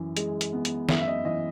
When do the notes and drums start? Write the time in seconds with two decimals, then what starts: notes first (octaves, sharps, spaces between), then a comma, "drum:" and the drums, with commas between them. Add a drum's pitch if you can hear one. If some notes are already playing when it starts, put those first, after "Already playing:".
Already playing: F#2 E3
0.17 G#3, drum: hi-hat
0.41 drum: hi-hat
0.53 B3
0.65 drum: hi-hat
0.89 F#2 E5, drum: snare
1.00 E5
1.08 D#5
1.25 E3 D#5